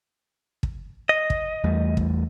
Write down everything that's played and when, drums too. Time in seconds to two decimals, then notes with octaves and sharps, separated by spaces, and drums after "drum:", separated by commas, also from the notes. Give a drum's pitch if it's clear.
0.63 drum: kick
1.09 D#5
1.30 drum: kick
1.63 E2 G3 A3
1.97 drum: kick